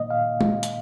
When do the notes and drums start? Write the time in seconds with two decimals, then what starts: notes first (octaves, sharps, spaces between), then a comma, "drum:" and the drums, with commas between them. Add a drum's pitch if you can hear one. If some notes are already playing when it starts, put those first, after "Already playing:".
Already playing: A#2 A#3 D#5
0.11 A#2 F5
0.41 drum: tom
0.63 drum: hi-hat